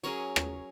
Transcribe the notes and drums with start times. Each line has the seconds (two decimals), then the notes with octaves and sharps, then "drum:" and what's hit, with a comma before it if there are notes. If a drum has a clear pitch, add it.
0.03 F#3 C#4 G#4 A#4 C#5
0.36 drum: rim click